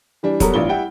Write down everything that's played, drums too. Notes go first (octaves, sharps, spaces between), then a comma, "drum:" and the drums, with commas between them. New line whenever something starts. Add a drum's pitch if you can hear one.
E3 G3 D4
F#3 G3 B3 A4 A#4, drum: kick, hi-hat
A1 D4 F4 G7
G3 E4 F#5 G5